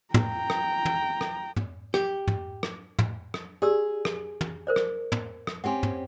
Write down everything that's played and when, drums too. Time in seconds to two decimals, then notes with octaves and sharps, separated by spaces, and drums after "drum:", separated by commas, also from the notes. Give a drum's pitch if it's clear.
0.14 G5 A#5, drum: tom
0.50 drum: rim click
0.85 drum: tom
1.21 drum: rim click
1.56 drum: tom
1.94 G4, drum: rim click
2.27 drum: tom
2.63 drum: rim click
2.99 drum: tom
3.34 drum: rim click
3.62 G4 G#4 D5 E6
4.05 drum: rim click
4.41 drum: tom
4.67 A#4 C5 D5
4.76 drum: rim click
5.12 drum: tom
5.47 drum: rim click
5.64 C4 C#4 G4 F#5 G#5 C6
5.83 drum: tom